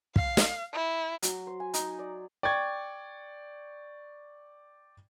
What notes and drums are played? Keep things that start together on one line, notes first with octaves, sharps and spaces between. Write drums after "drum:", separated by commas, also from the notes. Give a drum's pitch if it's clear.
F5, drum: kick
drum: snare
E4
F#3, drum: hi-hat
C5
G#5
D#4, drum: hi-hat
D5
D5 G5 C#6 G#6